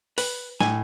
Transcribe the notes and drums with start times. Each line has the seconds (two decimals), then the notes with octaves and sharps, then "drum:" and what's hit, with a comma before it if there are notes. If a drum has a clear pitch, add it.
0.18 B4, drum: open hi-hat
0.61 A2 G#5, drum: snare